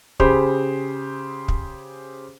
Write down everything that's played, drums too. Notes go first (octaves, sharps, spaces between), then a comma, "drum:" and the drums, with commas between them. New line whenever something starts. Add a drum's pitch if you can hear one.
C#3 G4 G#4 C5 B5, drum: kick
drum: kick